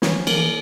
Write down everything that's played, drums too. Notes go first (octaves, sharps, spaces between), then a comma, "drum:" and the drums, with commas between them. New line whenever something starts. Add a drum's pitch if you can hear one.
E3 C#4, drum: snare
F3
A#3, drum: cymbal
E3